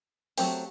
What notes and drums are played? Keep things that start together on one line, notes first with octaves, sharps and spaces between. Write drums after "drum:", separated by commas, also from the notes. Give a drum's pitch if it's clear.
F#3 A3 C4 G4, drum: open hi-hat